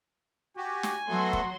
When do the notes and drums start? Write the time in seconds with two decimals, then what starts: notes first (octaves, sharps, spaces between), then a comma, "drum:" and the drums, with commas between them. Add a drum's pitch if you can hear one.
0.57 F#4 G4 G#5
0.83 drum: snare
1.08 F#3 A3 B3 F#4 A4 C6
1.33 drum: kick